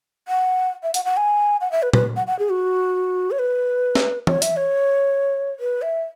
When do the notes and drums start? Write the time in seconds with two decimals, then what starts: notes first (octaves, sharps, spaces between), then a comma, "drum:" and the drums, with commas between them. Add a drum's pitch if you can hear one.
0.28 F#5
0.83 E5
0.94 F#5, drum: hi-hat
1.05 F#5
1.17 G#5
1.61 F#5
1.72 E5
1.83 B4
1.93 B4, drum: tom
2.16 F#5
2.27 F#5
2.39 G#4
2.50 F#4
3.31 C#5
3.39 B4
3.95 drum: snare
4.27 C#5, drum: tom
4.42 E5, drum: hi-hat
4.57 C#5
5.60 B4
5.82 E5